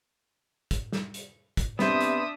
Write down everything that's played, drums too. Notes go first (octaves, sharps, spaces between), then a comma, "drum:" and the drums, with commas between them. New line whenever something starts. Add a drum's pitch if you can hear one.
drum: kick, hi-hat
drum: snare
drum: hi-hat
drum: kick, hi-hat
C3 B3 D4 C5 E5 D#6, drum: snare
drum: hi-hat